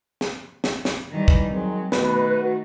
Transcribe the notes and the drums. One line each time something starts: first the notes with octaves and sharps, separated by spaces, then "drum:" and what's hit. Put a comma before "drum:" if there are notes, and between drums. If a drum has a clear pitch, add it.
drum: snare
drum: snare
drum: snare
D#3 E3 G3
drum: kick
D#3 F#3 G#3 C4
B2 D#3 A3 B4, drum: snare
F#4